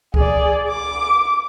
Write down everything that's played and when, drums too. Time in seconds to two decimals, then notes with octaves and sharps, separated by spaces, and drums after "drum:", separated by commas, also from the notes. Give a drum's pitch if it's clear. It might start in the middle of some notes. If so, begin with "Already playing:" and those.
0.14 G#4 D5, drum: kick C#2
0.69 D6